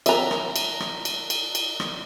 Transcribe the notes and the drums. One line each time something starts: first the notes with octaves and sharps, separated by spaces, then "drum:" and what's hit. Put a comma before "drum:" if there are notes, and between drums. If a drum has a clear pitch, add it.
E5 A#5, drum: cymbal
drum: rim click
drum: cymbal
drum: rim click
drum: cymbal
drum: cymbal
drum: cymbal
drum: rim click